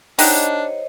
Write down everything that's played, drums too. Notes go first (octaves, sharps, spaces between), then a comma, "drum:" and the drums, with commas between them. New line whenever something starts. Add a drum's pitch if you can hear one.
D4 D#4 G4 C5 C#5 D#5 F#5, drum: open hi-hat